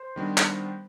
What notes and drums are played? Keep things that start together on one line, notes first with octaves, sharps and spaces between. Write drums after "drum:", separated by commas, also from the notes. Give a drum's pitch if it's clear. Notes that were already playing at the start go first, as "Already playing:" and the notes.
Already playing: C5
D#3 G3 B3 D4
drum: clap